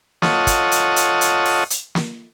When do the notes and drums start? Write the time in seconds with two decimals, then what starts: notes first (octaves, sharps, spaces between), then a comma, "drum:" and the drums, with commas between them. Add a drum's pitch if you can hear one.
0.22 F4 A4 C#5 D#5 F#5, drum: snare
0.47 drum: kick, hi-hat
0.72 drum: hi-hat
0.96 drum: hi-hat
1.21 drum: hi-hat
1.46 drum: open hi-hat
1.70 drum: hi-hat
1.95 drum: snare